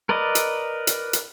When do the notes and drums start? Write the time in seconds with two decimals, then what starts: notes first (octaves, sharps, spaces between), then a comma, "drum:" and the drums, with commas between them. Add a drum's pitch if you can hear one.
0.09 A#4 B4 D5 D#5
0.35 drum: hi-hat
0.87 drum: hi-hat
1.13 drum: hi-hat